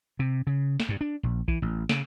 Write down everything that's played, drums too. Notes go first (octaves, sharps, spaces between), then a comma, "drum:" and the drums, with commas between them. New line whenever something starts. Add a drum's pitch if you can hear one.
C3
C#3
drum: snare
G2
D4
A#1
E3, drum: kick A#1
A1
C#3, drum: snare